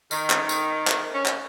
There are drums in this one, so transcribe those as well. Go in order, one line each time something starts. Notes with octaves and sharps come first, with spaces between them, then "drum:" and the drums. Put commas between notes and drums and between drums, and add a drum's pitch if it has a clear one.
D#3, drum: tambourine
drum: clap
drum: tambourine
drum: clap
C#4
drum: clap